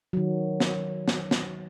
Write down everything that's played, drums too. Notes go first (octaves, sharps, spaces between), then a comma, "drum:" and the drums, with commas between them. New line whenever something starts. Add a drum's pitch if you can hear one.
D#3 F#3
drum: snare
drum: snare
drum: snare